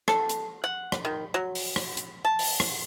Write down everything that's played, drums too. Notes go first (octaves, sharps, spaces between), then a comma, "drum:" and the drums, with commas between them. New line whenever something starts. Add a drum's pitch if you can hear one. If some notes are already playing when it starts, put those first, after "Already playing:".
A4, drum: rim click
drum: hi-hat
F#5
drum: rim click
D#3
F#3
drum: open hi-hat
drum: rim click
drum: hi-hat
A5
drum: open hi-hat
drum: rim click